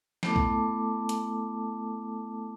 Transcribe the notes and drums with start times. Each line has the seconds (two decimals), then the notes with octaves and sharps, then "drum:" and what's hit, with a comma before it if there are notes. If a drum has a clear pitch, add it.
0.23 A3 B3 E4 A4 A5 D6, drum: snare
0.36 drum: kick B1
1.09 drum: hi-hat